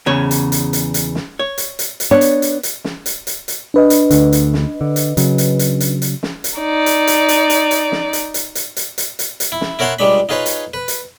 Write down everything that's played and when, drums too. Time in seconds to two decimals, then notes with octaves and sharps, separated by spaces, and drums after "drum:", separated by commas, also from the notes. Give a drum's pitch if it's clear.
0.06 E2 C#3 C#5
0.31 drum: hi-hat
0.52 drum: hi-hat
0.73 drum: hi-hat
0.94 drum: hi-hat
1.15 drum: snare
1.39 C#5
1.58 drum: hi-hat
1.79 drum: hi-hat
2.00 drum: hi-hat
2.11 B3 D4 C#5
2.21 drum: hi-hat
2.42 drum: hi-hat
2.63 drum: hi-hat
2.84 drum: snare
3.06 drum: hi-hat
3.27 drum: hi-hat
3.48 drum: hi-hat
3.74 D4 B4 D#5
3.90 drum: hi-hat
4.11 D2 D3, drum: hi-hat
4.32 drum: hi-hat
4.54 drum: snare
4.81 D3
4.96 drum: hi-hat
5.17 C#3 F#3, drum: hi-hat
5.38 drum: hi-hat
5.59 drum: hi-hat
5.80 drum: hi-hat
6.02 drum: hi-hat
6.23 drum: snare
6.44 drum: hi-hat
6.59 D#4 D5
6.86 drum: hi-hat
7.07 drum: hi-hat
7.28 drum: hi-hat
7.50 drum: hi-hat
7.71 drum: hi-hat
7.92 drum: snare
8.13 drum: hi-hat
8.34 drum: hi-hat
8.55 drum: hi-hat
8.76 drum: hi-hat
8.98 drum: hi-hat
9.19 drum: hi-hat
9.40 drum: hi-hat
9.52 E4
9.61 drum: snare
9.79 E4 A#4 C#5 F#5 A5 C6
9.99 C#2 G3 G#3 D4 B5
10.29 D#4 F4 G#4 B4 C#5
10.46 drum: hi-hat
10.74 B4
10.88 drum: hi-hat